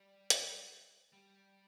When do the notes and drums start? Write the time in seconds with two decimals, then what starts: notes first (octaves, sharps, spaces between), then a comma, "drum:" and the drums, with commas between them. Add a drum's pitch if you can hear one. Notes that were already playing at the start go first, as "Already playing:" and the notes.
Already playing: G3
0.30 drum: hi-hat
1.13 G3